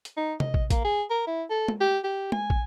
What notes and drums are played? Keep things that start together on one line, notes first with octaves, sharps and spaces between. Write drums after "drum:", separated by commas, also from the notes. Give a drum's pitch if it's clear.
drum: hi-hat
D#4
D#5, drum: tom C3
drum: kick
A#3, drum: kick, hi-hat
G#4
A#4
E4
A4
drum: tom G#3
G4
G4
G#5, drum: tom G#3
drum: kick